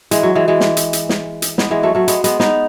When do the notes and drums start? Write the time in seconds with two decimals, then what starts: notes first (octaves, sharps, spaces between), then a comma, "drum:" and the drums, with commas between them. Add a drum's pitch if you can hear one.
0.11 E3 G#3, drum: hi-hat
0.23 F#3
0.35 E3 G#3
0.48 E3 G#3
0.60 drum: snare
0.77 drum: hi-hat
0.93 drum: hi-hat
1.09 drum: snare
1.42 drum: hi-hat
1.58 G#3 B3, drum: snare
1.71 E3 G#3
1.83 F#3 A3
1.95 F#3 A3
2.08 G#3 B3, drum: hi-hat
2.24 G#3 B3, drum: hi-hat
2.40 B3 D#4, drum: snare